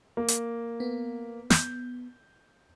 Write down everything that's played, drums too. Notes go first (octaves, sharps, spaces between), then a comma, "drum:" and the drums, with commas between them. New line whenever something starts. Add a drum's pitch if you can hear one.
A#3
drum: hi-hat
B3
G6, drum: snare